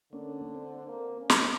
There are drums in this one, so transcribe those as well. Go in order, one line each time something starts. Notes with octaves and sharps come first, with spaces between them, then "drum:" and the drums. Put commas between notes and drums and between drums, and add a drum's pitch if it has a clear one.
D3 A#3 C#4 D4
C4
A#3
C#4
drum: snare